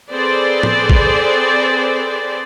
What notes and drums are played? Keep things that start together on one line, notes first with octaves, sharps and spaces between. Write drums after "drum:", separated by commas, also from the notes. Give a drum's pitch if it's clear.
C4 G#4 A4 B4 C5 D5
drum: tom
drum: kick